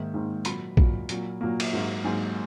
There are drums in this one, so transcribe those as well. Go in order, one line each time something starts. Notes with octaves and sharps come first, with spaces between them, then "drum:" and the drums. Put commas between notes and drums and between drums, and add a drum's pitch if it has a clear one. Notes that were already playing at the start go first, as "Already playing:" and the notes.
Already playing: G#2 D#3 A#3 E5
G#2 D#3 A#3
A#2 F#3 A#3 B5, drum: hi-hat
A#2 F#3 A#3, drum: kick
A#2 F#3 A#3, drum: hi-hat
A#2 F#3 A#3
drum: cymbal
G#2 F#3 A#3
G#2 F#3 A#3 G#5